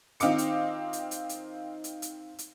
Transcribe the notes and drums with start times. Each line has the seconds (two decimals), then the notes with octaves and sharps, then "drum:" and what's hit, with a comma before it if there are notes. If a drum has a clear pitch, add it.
0.20 D#3 C4 F4 D#5 D6 C#7, drum: hi-hat
0.38 drum: hi-hat
0.93 drum: hi-hat
1.11 drum: hi-hat
1.29 drum: hi-hat
1.84 drum: hi-hat
2.02 drum: hi-hat
2.39 drum: hi-hat